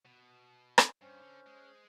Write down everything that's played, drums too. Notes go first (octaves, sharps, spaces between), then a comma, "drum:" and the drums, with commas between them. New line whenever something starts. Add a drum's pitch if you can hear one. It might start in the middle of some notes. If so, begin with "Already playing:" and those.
B2
drum: rim click
G2 C#4 C5
D3
G#3